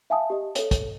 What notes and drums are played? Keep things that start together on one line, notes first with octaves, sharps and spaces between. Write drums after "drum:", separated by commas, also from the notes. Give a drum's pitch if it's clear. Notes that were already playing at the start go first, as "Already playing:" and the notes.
E5 F5 G#5 A5 D#6
G4 D#5
A4 C#5, drum: hi-hat
drum: kick, hi-hat